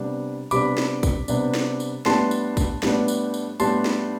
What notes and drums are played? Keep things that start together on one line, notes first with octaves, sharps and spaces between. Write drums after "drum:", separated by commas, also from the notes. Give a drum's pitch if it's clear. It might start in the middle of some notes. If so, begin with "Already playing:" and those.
Already playing: C3 G3 B3 D4
C3 G3 B3 D4 B5 D6, drum: tambourine
drum: snare
drum: kick, tambourine
C3 G3 B3 D4, drum: tambourine
drum: snare
drum: tambourine
A2 G3 B3 D4 A5 C6, drum: snare
drum: tambourine
drum: kick, tambourine
A2 G3 B3 D4, drum: snare
drum: tambourine
drum: tambourine
A2 G3 B3 D4 A5 C6, drum: tambourine
drum: snare